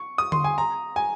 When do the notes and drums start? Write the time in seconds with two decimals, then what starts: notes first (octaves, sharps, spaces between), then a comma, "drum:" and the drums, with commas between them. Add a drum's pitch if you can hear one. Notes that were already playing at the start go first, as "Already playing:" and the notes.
Already playing: C#6
0.18 D#6
0.32 C6, drum: tom D3
0.44 G#5
0.58 A#5
0.96 G#5